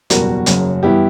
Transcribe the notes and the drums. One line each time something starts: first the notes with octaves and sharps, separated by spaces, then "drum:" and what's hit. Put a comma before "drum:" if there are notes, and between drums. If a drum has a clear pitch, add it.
F#1 E2 B2 G3 F#4 A#4, drum: hi-hat
F#1 F#2 C#3, drum: hi-hat
G2 E3 B3 E4 G4